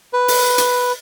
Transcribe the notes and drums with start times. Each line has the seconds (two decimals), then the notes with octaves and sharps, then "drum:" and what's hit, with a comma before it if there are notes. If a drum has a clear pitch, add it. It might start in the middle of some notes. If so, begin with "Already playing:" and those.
0.13 B4
0.28 drum: open hi-hat
0.58 drum: hi-hat